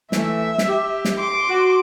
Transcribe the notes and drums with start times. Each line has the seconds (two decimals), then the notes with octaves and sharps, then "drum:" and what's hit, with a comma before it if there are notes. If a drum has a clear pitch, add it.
0.12 E3 A3 E5, drum: snare
0.58 drum: snare
0.69 G4
1.05 drum: snare
1.18 C6 D6
1.49 F#4